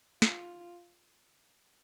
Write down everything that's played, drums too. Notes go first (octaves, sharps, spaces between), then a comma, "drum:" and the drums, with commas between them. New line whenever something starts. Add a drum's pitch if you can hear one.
F4, drum: snare